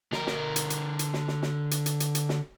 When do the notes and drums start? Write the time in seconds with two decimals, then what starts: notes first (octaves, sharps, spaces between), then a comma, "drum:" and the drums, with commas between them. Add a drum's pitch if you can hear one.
0.12 D3 A#4, drum: snare
0.27 drum: snare
0.56 drum: hi-hat
0.70 drum: hi-hat
0.99 drum: hi-hat
1.14 drum: snare
1.28 drum: snare
1.42 drum: snare
1.71 drum: hi-hat
1.86 drum: hi-hat
2.00 drum: hi-hat
2.15 drum: hi-hat
2.29 drum: snare